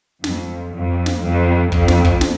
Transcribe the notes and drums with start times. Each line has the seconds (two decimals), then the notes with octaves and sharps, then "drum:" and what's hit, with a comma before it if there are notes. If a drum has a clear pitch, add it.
0.24 F2, drum: snare
0.73 F2
1.06 drum: snare
1.23 F2
1.72 F2, drum: kick
1.88 drum: snare
2.05 drum: kick
2.21 drum: snare